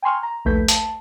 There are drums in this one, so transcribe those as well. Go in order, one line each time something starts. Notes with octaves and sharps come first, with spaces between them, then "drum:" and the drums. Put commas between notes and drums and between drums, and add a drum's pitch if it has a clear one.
G5 G#5 A#5 C6 C#6 F6
A#5
A#1 D#2 A3 B4 G6 B6
A5, drum: hi-hat